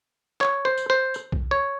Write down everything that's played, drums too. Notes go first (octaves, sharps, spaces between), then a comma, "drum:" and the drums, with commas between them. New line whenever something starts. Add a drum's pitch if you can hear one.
C#5, drum: clap
C5
drum: tambourine
C5
drum: tambourine
drum: kick
C#5